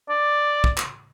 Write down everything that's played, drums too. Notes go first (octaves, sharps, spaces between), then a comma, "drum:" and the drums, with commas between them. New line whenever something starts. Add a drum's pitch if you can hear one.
D5
drum: kick
drum: clap